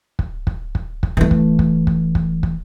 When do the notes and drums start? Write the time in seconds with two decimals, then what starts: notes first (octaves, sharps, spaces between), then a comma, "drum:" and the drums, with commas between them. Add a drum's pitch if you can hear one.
0.19 drum: kick
0.47 drum: kick
0.75 drum: kick
1.03 drum: kick
1.17 E3 A3
1.31 drum: kick
1.59 drum: kick
1.87 drum: kick
2.15 drum: kick
2.43 drum: kick